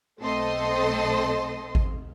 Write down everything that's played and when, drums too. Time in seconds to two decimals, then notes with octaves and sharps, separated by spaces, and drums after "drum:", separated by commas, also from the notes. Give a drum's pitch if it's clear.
0.19 B1 A3 C4 A4 D#5 C6
1.75 drum: kick G#1